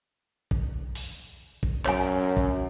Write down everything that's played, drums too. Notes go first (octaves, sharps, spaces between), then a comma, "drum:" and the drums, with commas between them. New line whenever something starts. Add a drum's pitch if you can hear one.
drum: kick
drum: open hi-hat
drum: kick
F#2 C#5 G#5, drum: clap
drum: kick